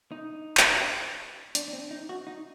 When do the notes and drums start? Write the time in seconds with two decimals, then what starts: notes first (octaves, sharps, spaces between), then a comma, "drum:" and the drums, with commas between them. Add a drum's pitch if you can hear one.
0.12 D#4
0.57 drum: clap
1.55 D4, drum: hi-hat
1.68 D4
1.73 C4
1.91 D#4
2.09 F#4
2.27 D#4